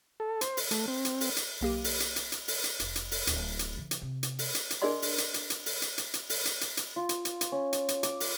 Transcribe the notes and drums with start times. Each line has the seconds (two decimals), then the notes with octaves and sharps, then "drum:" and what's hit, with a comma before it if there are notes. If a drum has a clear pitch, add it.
0.20 A4
0.41 C5, drum: hi-hat
0.57 drum: open hi-hat
0.71 A3, drum: hi-hat
0.88 C4
1.05 drum: hi-hat
1.21 drum: open hi-hat
1.36 drum: hi-hat
1.61 B1 A#3 G4 D#7
1.84 drum: open hi-hat
2.00 drum: hi-hat
2.16 drum: hi-hat
2.32 drum: hi-hat
2.48 drum: open hi-hat
2.64 drum: hi-hat
2.80 F1, drum: hi-hat
2.96 drum: hi-hat
3.11 drum: open hi-hat
3.27 D1, drum: hi-hat
3.59 drum: hi-hat
3.77 C#3 E3
3.91 drum: hi-hat
4.02 C3
4.23 drum: hi-hat
4.39 drum: open hi-hat
4.55 drum: hi-hat
4.70 drum: hi-hat
4.82 D4 G#4 A#4 D5 D#5 C6
5.02 drum: open hi-hat
5.18 drum: hi-hat
5.34 drum: hi-hat
5.50 drum: hi-hat
5.66 drum: open hi-hat
5.82 drum: hi-hat
5.98 drum: hi-hat
6.14 drum: hi-hat
6.29 drum: open hi-hat
6.45 drum: hi-hat
6.61 drum: hi-hat
6.77 drum: hi-hat
6.96 F4
7.09 drum: hi-hat
7.25 drum: hi-hat
7.41 drum: hi-hat
7.52 C#4
7.73 drum: hi-hat
7.88 drum: hi-hat
8.03 D6, drum: hi-hat
8.20 drum: open hi-hat